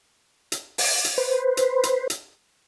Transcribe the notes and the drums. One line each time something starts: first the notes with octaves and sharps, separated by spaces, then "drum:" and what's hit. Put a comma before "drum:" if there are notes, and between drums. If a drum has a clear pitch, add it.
drum: hi-hat
drum: open hi-hat
drum: hi-hat
B4 C5
drum: hi-hat
drum: hi-hat
drum: hi-hat